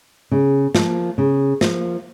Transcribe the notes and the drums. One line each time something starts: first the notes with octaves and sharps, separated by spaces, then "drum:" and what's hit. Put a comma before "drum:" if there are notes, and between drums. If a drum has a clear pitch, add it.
C#3
F3 A#3, drum: snare
C#3
F3 A#3, drum: snare